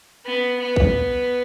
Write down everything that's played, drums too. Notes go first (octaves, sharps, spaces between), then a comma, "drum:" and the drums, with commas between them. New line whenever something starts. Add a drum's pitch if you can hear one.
B3
B3
drum: kick